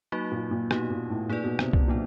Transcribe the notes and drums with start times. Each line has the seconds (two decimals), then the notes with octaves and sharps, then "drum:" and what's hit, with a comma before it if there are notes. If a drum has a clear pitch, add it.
0.12 F#3 A#3 D#4 F#4
0.32 A#2
0.51 A#2
0.71 B2 A#3 D#4 G4, drum: rim click
0.90 A#2
1.10 A2
1.29 A#2 D#4 G#4 B4 D5
1.44 B2
1.59 C3, drum: rim click
1.73 drum: kick C2
1.88 A#2 F#3 B3 D4